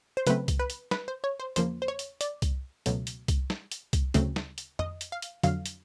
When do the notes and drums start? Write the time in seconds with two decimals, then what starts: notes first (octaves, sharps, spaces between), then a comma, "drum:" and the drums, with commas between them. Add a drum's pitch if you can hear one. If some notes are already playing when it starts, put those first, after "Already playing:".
0.17 C5
0.27 C#3 F#3 A3 C4 B4, drum: hi-hat
0.48 drum: kick C2, hi-hat
0.59 B4
0.70 drum: hi-hat
0.91 B4, drum: snare
1.08 C5
1.24 C#5
1.40 C5
1.56 E2 C#3 F3 A#3 C5, drum: hi-hat
1.82 C5
1.88 C#5
1.99 drum: hi-hat
2.21 D5, drum: hi-hat
2.42 drum: kick C2, hi-hat
2.86 C#2 B2 F#3 A3, drum: hi-hat
3.07 drum: hi-hat
3.28 drum: kick C2, hi-hat
3.50 drum: snare
3.72 drum: hi-hat
3.93 drum: kick C2, hi-hat
4.14 D2 C#3 F#3 A3 C4, drum: hi-hat
4.36 drum: snare
4.58 drum: hi-hat
4.79 D#5, drum: tom F2
5.01 drum: hi-hat
5.12 F5
5.22 drum: hi-hat
5.43 F2 D3 F#3 F5, drum: hi-hat
5.66 drum: hi-hat